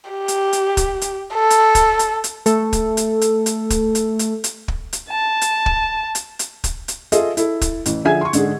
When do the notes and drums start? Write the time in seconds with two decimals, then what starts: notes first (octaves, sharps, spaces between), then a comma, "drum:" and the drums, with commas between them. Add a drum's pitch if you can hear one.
0.10 G4
0.28 drum: hi-hat
0.53 drum: hi-hat
0.77 drum: kick, hi-hat
1.01 drum: hi-hat
1.34 A4
1.50 drum: hi-hat
1.75 drum: kick, hi-hat
1.99 drum: hi-hat
2.24 drum: hi-hat
2.46 A3 A4, drum: hi-hat
2.73 drum: kick, hi-hat
2.97 drum: hi-hat
3.21 drum: hi-hat
3.46 drum: hi-hat
3.70 drum: kick, hi-hat
3.95 drum: hi-hat
4.19 drum: hi-hat
4.44 drum: hi-hat
4.68 drum: kick
4.93 drum: hi-hat
5.09 A5
5.41 drum: hi-hat
5.66 drum: kick
6.15 drum: hi-hat
6.39 drum: hi-hat
6.64 drum: kick, hi-hat
6.88 drum: hi-hat
7.12 F4 G#4 A4 D#5 E5, drum: hi-hat
7.37 E4 A4, drum: hi-hat
7.61 drum: kick, hi-hat
7.86 A1 E3, drum: hi-hat
8.05 D3 F3 G#4 E5 G#5 G#6
8.21 C6 C#6
8.33 G#2 D3 G#4, drum: hi-hat